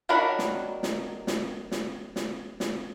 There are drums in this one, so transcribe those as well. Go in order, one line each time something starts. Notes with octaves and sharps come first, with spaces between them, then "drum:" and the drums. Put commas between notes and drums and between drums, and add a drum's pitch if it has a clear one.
D#3 F#3 D4 A#4 B5
drum: snare
drum: snare
drum: snare
drum: snare
drum: snare
drum: snare